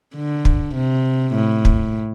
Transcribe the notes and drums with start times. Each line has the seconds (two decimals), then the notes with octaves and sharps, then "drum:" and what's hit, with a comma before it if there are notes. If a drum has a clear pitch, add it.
0.16 D3
0.45 drum: kick
0.75 C3
1.34 A2
1.65 drum: kick